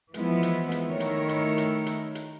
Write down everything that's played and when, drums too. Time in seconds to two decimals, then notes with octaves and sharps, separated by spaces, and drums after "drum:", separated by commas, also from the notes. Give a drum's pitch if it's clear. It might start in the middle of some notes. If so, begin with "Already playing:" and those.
0.14 E3 F3 G#3 B3 E4, drum: hi-hat
0.43 drum: hi-hat
0.71 drum: hi-hat
0.89 D#3 A3 E4 A#4 C#5
1.00 drum: hi-hat
1.29 drum: hi-hat
1.58 drum: hi-hat
1.86 drum: hi-hat
2.15 drum: hi-hat